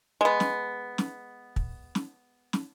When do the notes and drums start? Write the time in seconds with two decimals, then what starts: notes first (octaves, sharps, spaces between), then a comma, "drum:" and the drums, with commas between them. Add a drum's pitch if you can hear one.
0.21 G#3 B3
0.40 drum: snare
0.98 drum: snare
1.56 drum: kick
1.95 drum: snare
2.53 drum: snare